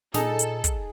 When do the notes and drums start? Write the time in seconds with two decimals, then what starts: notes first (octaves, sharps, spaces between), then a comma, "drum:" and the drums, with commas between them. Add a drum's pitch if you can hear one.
0.14 A#2 D#4 G#4 A4, drum: snare
0.39 drum: hi-hat
0.64 drum: kick, hi-hat